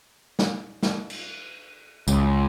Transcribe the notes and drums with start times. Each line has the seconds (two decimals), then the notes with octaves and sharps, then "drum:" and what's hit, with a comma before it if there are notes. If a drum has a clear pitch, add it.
0.39 drum: snare
0.83 drum: snare
1.10 drum: cymbal
2.08 C#2, drum: tambourine